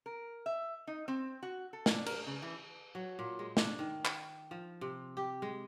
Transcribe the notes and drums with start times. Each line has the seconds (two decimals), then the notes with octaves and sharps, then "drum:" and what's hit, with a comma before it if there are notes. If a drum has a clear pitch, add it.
0.06 A#4
0.46 E5
0.87 D#4
1.08 C4
1.43 F#4
1.73 A4
1.86 D4, drum: snare
2.06 A#4, drum: cymbal
2.27 C#3
2.42 E3
2.95 F#3
3.19 A#2
3.39 G#3
3.57 D4, drum: snare
3.79 D#3
4.05 drum: clap
4.51 F3
4.81 C3
5.17 G4
5.42 G#3